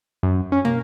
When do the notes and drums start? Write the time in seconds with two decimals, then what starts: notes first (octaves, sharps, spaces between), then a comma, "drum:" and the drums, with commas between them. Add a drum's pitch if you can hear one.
0.23 F#2
0.52 C#4
0.65 A#3, drum: tom